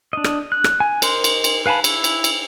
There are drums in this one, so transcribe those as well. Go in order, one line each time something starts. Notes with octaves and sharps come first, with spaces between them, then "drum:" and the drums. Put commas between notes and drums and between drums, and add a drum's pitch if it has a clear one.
D4 D#5
drum: rim click
F#6
drum: rim click
G#5
A#4 C5 D#5 C6, drum: cymbal
drum: cymbal
drum: cymbal
B4 F5 G#5 A5 B5
E4, drum: cymbal
drum: cymbal
drum: cymbal